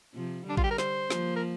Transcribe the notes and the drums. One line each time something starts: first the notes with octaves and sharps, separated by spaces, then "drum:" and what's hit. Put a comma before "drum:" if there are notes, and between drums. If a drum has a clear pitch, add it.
C3 F3
D3 G3 D4
F4, drum: kick A1
G4
A#4
C5, drum: snare
F3 A#3, drum: snare
A#4